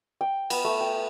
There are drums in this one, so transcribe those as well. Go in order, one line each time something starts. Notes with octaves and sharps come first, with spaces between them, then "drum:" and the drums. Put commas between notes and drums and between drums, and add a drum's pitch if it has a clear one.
G5
B3, drum: cymbal
A3
G5